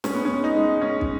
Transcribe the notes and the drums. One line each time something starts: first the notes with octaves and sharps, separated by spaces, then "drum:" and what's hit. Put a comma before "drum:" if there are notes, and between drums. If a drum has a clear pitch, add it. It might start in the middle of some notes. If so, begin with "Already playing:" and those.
G#3 C#4, drum: snare
B3
G#3 C#4
D#4
G#3
G#3 C#4
drum: kick